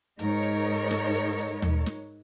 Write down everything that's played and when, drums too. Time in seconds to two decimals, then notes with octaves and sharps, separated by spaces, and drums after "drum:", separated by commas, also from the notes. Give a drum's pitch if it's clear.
0.19 G#2 D#4 A#4 C#5, drum: hi-hat
0.43 drum: hi-hat
0.91 drum: snare
1.15 drum: hi-hat
1.38 drum: hi-hat
1.62 drum: tom D#2
1.86 drum: snare